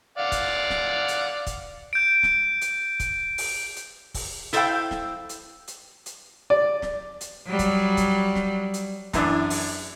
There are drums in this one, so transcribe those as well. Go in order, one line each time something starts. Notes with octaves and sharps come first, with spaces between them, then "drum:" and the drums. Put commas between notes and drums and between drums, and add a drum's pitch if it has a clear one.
D5 F5 F#5
drum: kick, hi-hat
drum: snare
drum: hi-hat
drum: kick, hi-hat
G6 D7
drum: snare
drum: hi-hat
drum: kick, hi-hat
drum: open hi-hat
drum: hi-hat
drum: kick, open hi-hat
E4 A4 C5 D#5 F5 G5, drum: hi-hat
drum: snare
drum: hi-hat
drum: hi-hat
drum: hi-hat
D5
drum: snare
drum: hi-hat
F#3 G3
drum: kick, hi-hat
drum: kick, hi-hat
drum: snare
drum: hi-hat
F#2 E3 D4, drum: kick, hi-hat
drum: open hi-hat